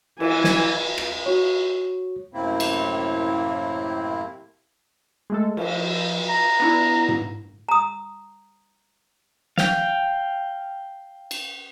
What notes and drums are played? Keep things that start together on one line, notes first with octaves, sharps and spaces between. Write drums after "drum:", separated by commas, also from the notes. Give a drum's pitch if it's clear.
E3 G#5, drum: cymbal
drum: snare
drum: rim click
F#4 C#5
F#2 A2 C3 A#3 C4 E4
drum: cymbal
G#3 A3 A4
F3, drum: cymbal
A#5
B3 D4 E4
drum: tom G#2
A#5 D#6
F5 G5, drum: snare
drum: cymbal